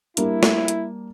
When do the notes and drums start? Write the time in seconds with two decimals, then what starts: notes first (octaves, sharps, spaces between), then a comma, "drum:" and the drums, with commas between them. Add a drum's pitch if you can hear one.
0.17 G3 A#3 D4 E4, drum: hi-hat
0.43 drum: snare
0.68 drum: hi-hat